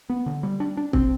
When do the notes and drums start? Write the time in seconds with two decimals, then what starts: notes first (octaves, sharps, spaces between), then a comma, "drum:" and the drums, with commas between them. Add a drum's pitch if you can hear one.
0.10 B3
0.26 D3
0.43 G3
0.60 D4
0.77 D4
0.93 C4, drum: kick